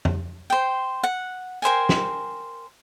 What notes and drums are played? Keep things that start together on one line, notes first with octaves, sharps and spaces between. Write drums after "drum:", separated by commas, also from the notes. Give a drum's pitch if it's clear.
drum: tom
C5 G5
F#5
A#4 C5 G5 G#5
drum: snare